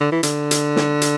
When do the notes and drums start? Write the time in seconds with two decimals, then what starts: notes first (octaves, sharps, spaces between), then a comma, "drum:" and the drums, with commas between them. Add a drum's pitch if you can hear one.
0.01 D3
0.12 E3
0.23 D3, drum: hi-hat
0.51 drum: hi-hat
0.76 drum: snare
1.02 drum: hi-hat